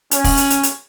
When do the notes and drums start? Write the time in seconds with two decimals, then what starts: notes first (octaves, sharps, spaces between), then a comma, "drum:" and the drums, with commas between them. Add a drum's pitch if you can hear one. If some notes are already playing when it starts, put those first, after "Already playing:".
0.11 C#4, drum: hi-hat
0.24 drum: kick, open hi-hat
0.37 drum: hi-hat
0.50 drum: hi-hat
0.63 drum: hi-hat